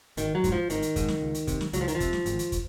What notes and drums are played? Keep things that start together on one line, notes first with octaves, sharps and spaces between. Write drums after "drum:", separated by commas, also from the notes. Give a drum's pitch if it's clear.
G#1 D#3, drum: hi-hat
F#3
G#2, drum: kick, hi-hat
F3
G#1 D#3, drum: hi-hat
drum: hi-hat
G#2, drum: kick, hi-hat
drum: snare
C#2
drum: hi-hat
C3, drum: kick, hi-hat
drum: snare
C#2 F#3, drum: hi-hat
F3
D#3, drum: hi-hat
F3
C3, drum: kick, hi-hat
drum: snare
G#1, drum: hi-hat
drum: hi-hat
drum: kick, hi-hat